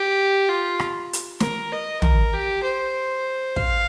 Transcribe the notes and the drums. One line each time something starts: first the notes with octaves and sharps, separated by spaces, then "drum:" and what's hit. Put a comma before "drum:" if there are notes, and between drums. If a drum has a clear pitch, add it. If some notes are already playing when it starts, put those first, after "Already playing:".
Already playing: G4
F4
drum: rim click
drum: hi-hat
A#4, drum: snare
D#5
A#4, drum: tom
G4
C5
F5, drum: kick